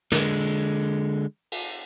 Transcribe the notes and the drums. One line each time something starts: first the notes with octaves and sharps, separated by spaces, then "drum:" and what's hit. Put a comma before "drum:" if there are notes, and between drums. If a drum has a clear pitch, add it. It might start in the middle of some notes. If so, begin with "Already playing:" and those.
D3 G#3, drum: snare
drum: cymbal